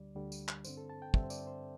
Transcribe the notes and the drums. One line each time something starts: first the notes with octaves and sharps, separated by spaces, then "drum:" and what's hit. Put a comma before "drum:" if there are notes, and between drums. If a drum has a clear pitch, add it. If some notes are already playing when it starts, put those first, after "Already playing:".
Already playing: D2 D3 G3 D5
D2 D3 G3
drum: tambourine
drum: clap
G2 D3 C4 C5, drum: tambourine
A4
A5
G5
G2 D3 C4 E5, drum: kick
C5
D5, drum: tambourine
C5